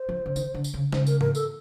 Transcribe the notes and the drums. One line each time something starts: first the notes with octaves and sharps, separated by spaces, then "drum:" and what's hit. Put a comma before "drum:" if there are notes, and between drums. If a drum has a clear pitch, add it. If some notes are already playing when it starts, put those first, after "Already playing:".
Already playing: C5
F3
D3
D#3, drum: tambourine
D3
drum: tambourine
C#3
C#3 C5, drum: snare
A#4, drum: tambourine
A#4, drum: tom G#2
A4, drum: tambourine